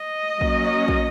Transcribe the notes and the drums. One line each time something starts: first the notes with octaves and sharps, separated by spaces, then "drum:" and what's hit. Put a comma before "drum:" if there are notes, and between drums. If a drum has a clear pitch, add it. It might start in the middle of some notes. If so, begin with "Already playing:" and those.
Already playing: D#5
F#3 A#3 C#4, drum: kick
drum: kick